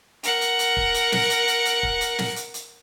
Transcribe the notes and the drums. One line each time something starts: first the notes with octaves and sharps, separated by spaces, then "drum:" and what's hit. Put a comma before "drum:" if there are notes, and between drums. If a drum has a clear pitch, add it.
A#4 F#5, drum: hi-hat
drum: hi-hat
drum: hi-hat
drum: kick
drum: hi-hat
drum: snare
drum: hi-hat
drum: hi-hat
drum: hi-hat
drum: kick
drum: hi-hat
drum: snare
drum: hi-hat
drum: hi-hat